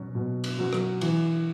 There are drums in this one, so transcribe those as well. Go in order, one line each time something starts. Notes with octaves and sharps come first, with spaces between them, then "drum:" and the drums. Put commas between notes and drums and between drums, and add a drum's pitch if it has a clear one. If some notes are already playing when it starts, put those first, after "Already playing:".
Already playing: B2 F#3 C#4 F#4
B2
drum: cymbal
F#3 C#4 F#4
drum: rim click
E3, drum: cymbal